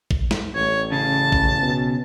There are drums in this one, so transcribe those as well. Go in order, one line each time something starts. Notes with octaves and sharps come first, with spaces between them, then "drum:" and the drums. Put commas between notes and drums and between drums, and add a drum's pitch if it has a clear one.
drum: kick A1
drum: snare
A1 C#5
C#3 A5
drum: kick A1
B2